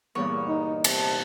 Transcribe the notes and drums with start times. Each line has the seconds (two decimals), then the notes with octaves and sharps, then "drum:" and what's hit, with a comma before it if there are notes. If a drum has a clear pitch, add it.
0.15 E2 G2 A#2 C#5
0.48 D#4
0.84 C3 A5, drum: cymbal